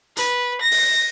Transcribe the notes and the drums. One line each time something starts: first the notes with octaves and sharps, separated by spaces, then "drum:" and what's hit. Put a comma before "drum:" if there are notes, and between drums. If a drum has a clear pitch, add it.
B4, drum: hi-hat
A#6
drum: open hi-hat